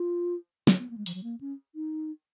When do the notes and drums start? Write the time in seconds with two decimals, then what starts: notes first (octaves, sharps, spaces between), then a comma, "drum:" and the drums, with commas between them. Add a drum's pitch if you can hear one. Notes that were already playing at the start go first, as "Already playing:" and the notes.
Already playing: F4
0.67 C#4, drum: snare
0.79 B3
0.90 A#3
0.97 G#3
1.06 F3, drum: open hi-hat
1.14 F#3
1.23 A#3
1.41 C#4
1.75 D#4